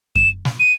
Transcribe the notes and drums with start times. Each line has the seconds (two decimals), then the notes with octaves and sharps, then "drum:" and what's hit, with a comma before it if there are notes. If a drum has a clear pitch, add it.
0.15 E7, drum: kick F#2
0.45 drum: snare
0.59 D#7